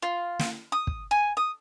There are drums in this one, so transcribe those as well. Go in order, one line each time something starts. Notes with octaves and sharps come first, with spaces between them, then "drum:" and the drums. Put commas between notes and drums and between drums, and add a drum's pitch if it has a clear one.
F4
drum: snare
D#6
drum: kick
G#5
D#6